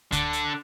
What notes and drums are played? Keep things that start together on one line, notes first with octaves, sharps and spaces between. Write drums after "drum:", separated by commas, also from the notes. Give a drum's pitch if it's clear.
D3, drum: kick C#2, hi-hat
drum: hi-hat